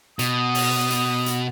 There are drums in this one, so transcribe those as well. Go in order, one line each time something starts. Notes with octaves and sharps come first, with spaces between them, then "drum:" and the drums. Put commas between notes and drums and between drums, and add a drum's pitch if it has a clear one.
B2 D#6, drum: hi-hat
drum: open hi-hat
drum: hi-hat
drum: hi-hat